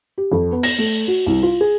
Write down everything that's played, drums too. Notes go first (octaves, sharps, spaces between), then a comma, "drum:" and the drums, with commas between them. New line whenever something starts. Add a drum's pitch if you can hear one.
G4
F2
B3
A#6, drum: open hi-hat
A3
F#4
C2
F4
G#4